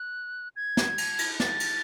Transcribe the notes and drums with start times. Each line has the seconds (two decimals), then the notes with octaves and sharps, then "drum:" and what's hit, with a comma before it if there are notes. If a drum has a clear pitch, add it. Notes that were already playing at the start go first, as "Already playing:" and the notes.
Already playing: F#6
0.56 G#6
0.77 drum: snare
0.98 drum: cymbal
1.19 drum: cymbal
1.40 A6, drum: snare
1.60 drum: cymbal